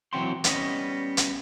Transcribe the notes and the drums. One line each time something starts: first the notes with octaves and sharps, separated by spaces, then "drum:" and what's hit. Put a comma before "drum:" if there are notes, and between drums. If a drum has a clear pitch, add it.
E3 F#3 C4 F#5 G5 C6
G3 B3 C#4 D#5, drum: hi-hat
drum: hi-hat